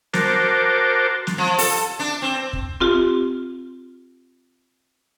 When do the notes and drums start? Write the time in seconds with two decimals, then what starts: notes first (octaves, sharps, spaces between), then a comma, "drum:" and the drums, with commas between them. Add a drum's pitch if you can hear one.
0.13 F#4 A#4 C5 A5 D6, drum: snare
1.27 drum: snare
1.38 F3
1.58 A4, drum: open hi-hat
1.99 D4
2.22 C4
2.53 drum: kick
2.80 C4 F4 G4